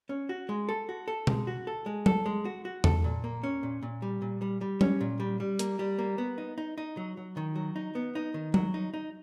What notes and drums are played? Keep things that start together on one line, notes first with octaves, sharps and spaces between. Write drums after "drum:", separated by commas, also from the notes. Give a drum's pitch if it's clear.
C#4
F#4
G#3
A4
F#4
A4
G#3, drum: tom B2
F#4
A4
G#3
A4, drum: tom F#3
G#3
F#4
F#4
A4, drum: tom E2
A#2
A#3
C#4
A#2
A#2
G3
A#2
G3
G3
C#4, drum: tom F#3
A#2
G3
G3
A#3, drum: hi-hat
G3
A#3
B3
D#4
D#4
D#4
F#3
F#3
D#3
F#3
D#4
B3
D#4
D#3
F#3, drum: tom F#3
D#4
D#4